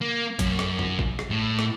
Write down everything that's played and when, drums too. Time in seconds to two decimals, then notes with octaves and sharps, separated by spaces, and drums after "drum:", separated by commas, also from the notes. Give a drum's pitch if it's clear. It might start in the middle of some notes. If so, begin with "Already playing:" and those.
0.02 A#3
0.39 F#2, drum: kick, hi-hat
0.59 drum: rim click
0.79 drum: tom F#2
0.99 drum: kick
1.19 drum: rim click
1.30 A2
1.59 drum: rim click